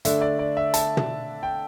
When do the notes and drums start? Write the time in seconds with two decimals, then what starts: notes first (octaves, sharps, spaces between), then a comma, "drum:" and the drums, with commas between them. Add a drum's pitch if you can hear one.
0.05 D3 A3 D4 E5, drum: hi-hat
0.22 D5
0.39 D5
0.57 E5
0.74 A5, drum: hi-hat
0.97 drum: tom
1.43 G5